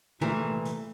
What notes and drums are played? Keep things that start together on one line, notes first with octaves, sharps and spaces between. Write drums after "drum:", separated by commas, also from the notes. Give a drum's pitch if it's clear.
C2 A#2 E3 A3, drum: tom
drum: hi-hat